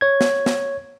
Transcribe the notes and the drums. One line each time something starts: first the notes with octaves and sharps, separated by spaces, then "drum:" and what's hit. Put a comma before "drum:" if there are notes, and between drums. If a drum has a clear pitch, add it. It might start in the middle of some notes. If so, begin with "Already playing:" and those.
C#5 G#6
drum: snare
drum: snare